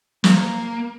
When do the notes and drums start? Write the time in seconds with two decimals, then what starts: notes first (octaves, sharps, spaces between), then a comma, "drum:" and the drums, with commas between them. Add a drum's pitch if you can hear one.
0.24 A#3, drum: snare